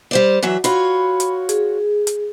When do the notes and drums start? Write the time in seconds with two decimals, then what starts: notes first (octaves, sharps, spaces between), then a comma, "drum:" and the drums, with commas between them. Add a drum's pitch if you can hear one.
0.11 G3 C5 D5
0.42 E3 F#3 E5
0.64 F4 F#4 C#5 B5, drum: hi-hat
1.20 drum: hi-hat
1.49 G#4, drum: hi-hat
2.07 drum: hi-hat